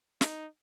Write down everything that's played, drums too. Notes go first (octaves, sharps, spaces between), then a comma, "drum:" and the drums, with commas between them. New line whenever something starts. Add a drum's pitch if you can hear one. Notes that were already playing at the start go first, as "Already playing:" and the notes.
D#4, drum: snare